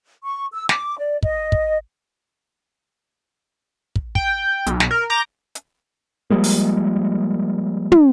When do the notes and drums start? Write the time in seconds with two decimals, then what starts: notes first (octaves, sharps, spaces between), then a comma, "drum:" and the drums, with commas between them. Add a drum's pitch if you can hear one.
0.24 C#6
0.53 E6
0.69 D6, drum: snare
0.99 D5
1.23 D#5, drum: kick
1.52 drum: kick
3.96 drum: kick
4.15 G5, drum: kick
4.66 B1, drum: hi-hat
4.80 drum: snare
4.91 A#4
5.10 A#5 D6 G6 A#6
5.55 drum: hi-hat
6.30 F3 G3 G#3 A#3
6.44 drum: open hi-hat
7.92 drum: tom